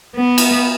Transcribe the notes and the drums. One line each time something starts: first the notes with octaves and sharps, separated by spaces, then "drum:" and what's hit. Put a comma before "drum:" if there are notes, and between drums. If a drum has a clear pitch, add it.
B3
drum: cymbal